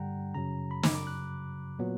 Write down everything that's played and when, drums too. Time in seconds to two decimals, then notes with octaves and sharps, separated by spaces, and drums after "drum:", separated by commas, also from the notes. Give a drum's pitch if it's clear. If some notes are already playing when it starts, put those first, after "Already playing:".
Already playing: G2 D3 G3 F#5 G5 A#5
0.34 F#2 C#3 F#3 A#5
0.71 B5
0.83 D6, drum: snare
0.95 D6
1.07 F#6
1.79 A#2 F#3 B3